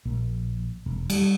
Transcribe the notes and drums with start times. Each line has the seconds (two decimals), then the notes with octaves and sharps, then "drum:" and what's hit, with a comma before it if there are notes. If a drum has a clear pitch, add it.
0.05 A#1
0.86 E1
1.10 G3, drum: cymbal